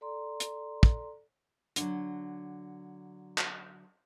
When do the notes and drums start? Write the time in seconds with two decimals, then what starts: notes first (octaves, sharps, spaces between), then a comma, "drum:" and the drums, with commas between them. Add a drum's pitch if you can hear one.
0.01 A4 D5 A#5 C6
0.40 drum: hi-hat
0.83 drum: kick
1.76 D3 F#3, drum: hi-hat
3.38 drum: clap